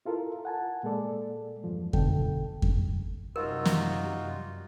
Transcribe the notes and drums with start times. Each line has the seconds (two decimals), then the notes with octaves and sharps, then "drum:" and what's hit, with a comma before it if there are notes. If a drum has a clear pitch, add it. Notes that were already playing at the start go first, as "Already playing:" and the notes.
0.06 E4 F4 A4 A#4
0.45 F#5 G#5 A5
0.83 A#2 G#3 A#3 A4 D5
1.64 E2 G2 F3
1.93 C#2 B2 D3 A4 G5, drum: kick F2
2.62 drum: kick F2
3.36 F#2 C3 G3 D#4 F4 F#4 A#4
3.65 drum: snare